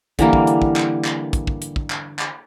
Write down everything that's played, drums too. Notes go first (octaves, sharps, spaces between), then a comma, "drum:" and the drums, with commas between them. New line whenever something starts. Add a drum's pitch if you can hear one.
D3 E3 G3 A#3, drum: kick, hi-hat
drum: kick
drum: hi-hat
drum: kick
drum: clap
drum: clap
drum: kick, hi-hat
drum: kick
drum: hi-hat
drum: kick
drum: clap
drum: clap